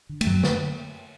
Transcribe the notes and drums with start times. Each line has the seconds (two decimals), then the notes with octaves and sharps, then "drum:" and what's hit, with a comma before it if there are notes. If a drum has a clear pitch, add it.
0.09 D3
0.21 A3, drum: cymbal
0.26 F#2 F#3
0.43 D3 A3, drum: snare